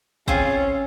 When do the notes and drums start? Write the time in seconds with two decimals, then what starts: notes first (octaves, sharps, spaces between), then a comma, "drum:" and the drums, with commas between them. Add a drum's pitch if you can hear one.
0.28 C4 C#4 F4 G#4, drum: kick